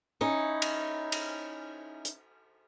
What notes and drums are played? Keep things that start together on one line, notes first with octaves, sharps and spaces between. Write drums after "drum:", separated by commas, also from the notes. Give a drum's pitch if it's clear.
C#4 D#4 E4
drum: cymbal
drum: cymbal
drum: hi-hat